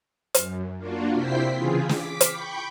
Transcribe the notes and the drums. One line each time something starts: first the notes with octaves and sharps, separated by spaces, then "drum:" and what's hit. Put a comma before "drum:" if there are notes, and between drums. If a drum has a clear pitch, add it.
F#2, drum: hi-hat
A#3 D4 F4 F#4
C3 E4 C5 G5 B6 C7
C#3 E3 F4 G#4
D6 B6, drum: snare
drum: hi-hat
G5 B5 C#6 G6